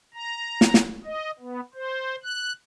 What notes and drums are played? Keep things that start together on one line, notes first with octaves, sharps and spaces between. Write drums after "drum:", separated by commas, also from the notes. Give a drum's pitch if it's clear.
A#5
drum: snare
drum: snare
D#5
B3
C5
F#6